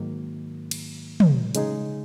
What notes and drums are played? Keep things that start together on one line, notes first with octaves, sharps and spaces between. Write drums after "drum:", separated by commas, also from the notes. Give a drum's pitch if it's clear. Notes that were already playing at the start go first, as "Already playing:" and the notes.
Already playing: G#2 D#3 F#3 A#3
drum: cymbal
drum: tom
C#3 G#3 D#4 G#4, drum: hi-hat